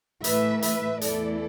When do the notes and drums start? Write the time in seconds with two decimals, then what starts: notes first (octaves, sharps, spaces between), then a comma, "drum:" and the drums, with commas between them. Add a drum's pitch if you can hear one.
0.24 A2 E3 A3 B4 E5, drum: hi-hat
0.62 B4 E5, drum: hi-hat
1.01 E2 E3 A3 E4 A4 D5, drum: hi-hat